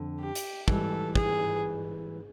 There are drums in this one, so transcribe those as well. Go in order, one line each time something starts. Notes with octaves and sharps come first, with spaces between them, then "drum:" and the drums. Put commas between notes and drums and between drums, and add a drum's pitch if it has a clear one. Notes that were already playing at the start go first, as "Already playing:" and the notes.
Already playing: F2 D3
G4
drum: hi-hat
G#2 E3 G3 A4, drum: kick
G#4, drum: kick